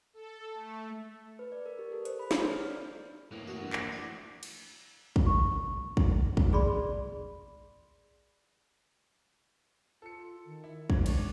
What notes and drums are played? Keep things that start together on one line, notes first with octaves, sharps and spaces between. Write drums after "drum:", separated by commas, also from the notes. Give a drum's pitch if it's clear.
A4
A3
B4
D5
A#4
G4
A4
C5, drum: hi-hat
B5
C#5, drum: snare
F6
D5
A2 E3 A#3
F#4
G2
A#1, drum: clap
A2 D4
drum: cymbal
drum: kick
C#6
drum: kick
drum: kick
G#4 D5 B5 C6
F4 A4 C#7
D#3
E4
D1 C4 E4 G#6, drum: kick
F1 F#3 G#3 C#4 D4 C#5, drum: cymbal